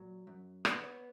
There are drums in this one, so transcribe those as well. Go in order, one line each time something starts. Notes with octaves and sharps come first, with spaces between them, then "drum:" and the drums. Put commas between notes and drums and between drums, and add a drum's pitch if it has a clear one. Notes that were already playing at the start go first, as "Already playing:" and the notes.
Already playing: A#2 F#3
F#2
B3 D5, drum: rim click
C#5